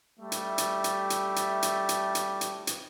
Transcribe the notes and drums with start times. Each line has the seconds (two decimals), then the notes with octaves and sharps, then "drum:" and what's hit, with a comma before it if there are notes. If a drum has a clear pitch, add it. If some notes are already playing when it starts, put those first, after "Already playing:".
0.19 G3 A3 E5
0.32 drum: hi-hat
0.58 drum: hi-hat
0.84 drum: hi-hat
1.10 drum: hi-hat
1.36 drum: hi-hat
1.62 drum: hi-hat
1.89 drum: hi-hat
2.15 drum: hi-hat
2.41 drum: hi-hat
2.67 drum: hi-hat